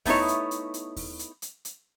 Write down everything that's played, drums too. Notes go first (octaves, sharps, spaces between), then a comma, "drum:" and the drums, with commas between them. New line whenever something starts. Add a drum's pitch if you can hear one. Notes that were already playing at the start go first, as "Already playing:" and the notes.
A3 B3 D#4 E4 C#5, drum: kick D#2, open hi-hat
drum: hi-hat
drum: hi-hat
drum: hi-hat
drum: kick D#2, open hi-hat
drum: hi-hat
drum: hi-hat
drum: hi-hat